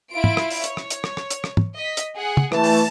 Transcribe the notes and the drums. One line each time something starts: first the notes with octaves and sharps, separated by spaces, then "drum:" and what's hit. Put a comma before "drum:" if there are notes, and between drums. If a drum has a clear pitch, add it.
E4 F4 D7
drum: tom
drum: rim click
drum: open hi-hat
C#5, drum: hi-hat
drum: rim click
drum: hi-hat
drum: rim click
drum: rim click
drum: hi-hat
drum: rim click
drum: tom
D#5 B6
drum: hi-hat
G#4 F#5
drum: tom
E3 A3 A5, drum: rim click
drum: open hi-hat